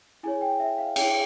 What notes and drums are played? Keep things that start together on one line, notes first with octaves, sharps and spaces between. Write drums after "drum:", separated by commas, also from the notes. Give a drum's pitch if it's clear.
E4 G#4 C#5 G#5
G5
E5
F5
E4 G#4 C#5 G5, drum: cymbal